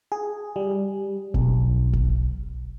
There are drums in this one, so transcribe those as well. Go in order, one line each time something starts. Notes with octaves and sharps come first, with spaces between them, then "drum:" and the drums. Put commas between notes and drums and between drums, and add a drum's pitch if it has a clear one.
G#4
G3
B1, drum: kick
drum: kick